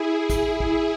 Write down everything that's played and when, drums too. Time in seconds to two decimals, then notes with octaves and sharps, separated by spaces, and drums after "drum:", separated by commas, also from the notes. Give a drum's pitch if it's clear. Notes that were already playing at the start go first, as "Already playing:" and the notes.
Already playing: E4 G#4
0.30 drum: kick, hi-hat
0.60 drum: kick